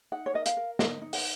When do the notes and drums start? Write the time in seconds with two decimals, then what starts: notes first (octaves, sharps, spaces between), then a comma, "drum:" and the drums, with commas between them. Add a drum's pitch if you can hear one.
0.12 D#4 F#5
0.26 C#5
0.34 A#4 D#5
0.46 F5, drum: hi-hat
0.57 A#4
0.79 D#4 D#5, drum: snare
1.02 D#4
1.13 F#5, drum: open hi-hat